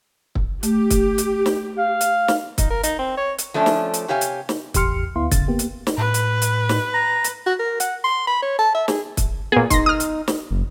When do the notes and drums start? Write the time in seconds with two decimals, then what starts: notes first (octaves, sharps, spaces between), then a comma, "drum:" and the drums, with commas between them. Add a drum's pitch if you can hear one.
0.35 drum: kick
0.63 A3 G4, drum: hi-hat
0.90 drum: kick, hi-hat
1.18 drum: hi-hat
1.46 drum: snare
1.78 F5
2.01 drum: hi-hat
2.28 drum: snare
2.58 D#4, drum: kick, hi-hat
2.70 A#4
2.84 D#4, drum: hi-hat
2.99 C4
3.17 C#5
3.39 drum: hi-hat
3.54 F3 A3 C#4 D4
3.66 drum: snare
3.94 drum: hi-hat
4.08 C3 G4 C#5 F5 G#5
4.21 drum: hi-hat
4.49 drum: snare
4.74 A1 E2 G4 C6 F6 C#7, drum: kick, hi-hat
5.16 D2 B3 E4 F5 C6
5.31 E2 C#3 A6, drum: kick, hi-hat
5.48 A#3 B3 G4
5.59 drum: hi-hat
5.87 drum: snare
5.98 A2 B4
6.14 drum: hi-hat
6.42 drum: hi-hat
6.69 drum: snare
6.94 A#5
7.24 drum: hi-hat
7.46 F#4
7.59 A#4
7.80 F#5, drum: hi-hat
8.04 C6
8.27 B5
8.42 C#5
8.59 A5
8.74 E5
8.88 G#4, drum: snare
9.17 drum: kick, hi-hat
9.52 A#2 B3 G#4
9.70 D#4 C6 A#6, drum: kick, hi-hat
9.86 D#6 F6
10.00 drum: hi-hat
10.28 drum: snare
10.51 F#1